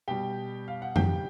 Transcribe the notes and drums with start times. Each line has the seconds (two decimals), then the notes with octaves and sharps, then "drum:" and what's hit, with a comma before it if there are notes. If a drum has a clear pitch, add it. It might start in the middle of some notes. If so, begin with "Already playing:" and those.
0.08 B2 G3 G4 G5
0.68 F5
0.82 F#5
0.96 G4 G5, drum: tom